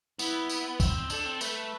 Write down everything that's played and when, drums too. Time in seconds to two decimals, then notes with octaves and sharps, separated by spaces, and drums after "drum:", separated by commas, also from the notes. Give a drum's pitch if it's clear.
0.19 B3 E4, drum: tambourine
0.50 drum: tambourine
0.80 C4, drum: kick, tambourine
1.10 D4 A4, drum: tambourine
1.26 C4
1.41 A3 B4, drum: tambourine